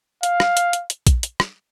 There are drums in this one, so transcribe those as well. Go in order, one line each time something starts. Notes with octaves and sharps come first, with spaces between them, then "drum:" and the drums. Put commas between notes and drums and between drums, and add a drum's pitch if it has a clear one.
F5, drum: hi-hat
drum: rim click
drum: hi-hat
drum: hi-hat
drum: hi-hat
drum: kick A#1, hi-hat
drum: hi-hat
drum: rim click